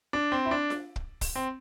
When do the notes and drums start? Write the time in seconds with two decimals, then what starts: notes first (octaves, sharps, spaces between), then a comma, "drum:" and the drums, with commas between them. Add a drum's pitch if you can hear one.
0.13 D4
0.32 C4
0.45 E4
0.51 D4
0.70 drum: snare F4
0.96 drum: kick
1.21 drum: kick, open hi-hat
1.35 C4